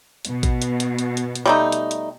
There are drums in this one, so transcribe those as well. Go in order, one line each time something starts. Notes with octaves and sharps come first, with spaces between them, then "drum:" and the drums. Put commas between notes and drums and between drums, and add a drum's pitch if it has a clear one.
B2, drum: hi-hat
drum: kick, hi-hat
drum: hi-hat
drum: hi-hat
drum: hi-hat
drum: hi-hat
drum: hi-hat
G3 A3 D#4
drum: hi-hat
drum: hi-hat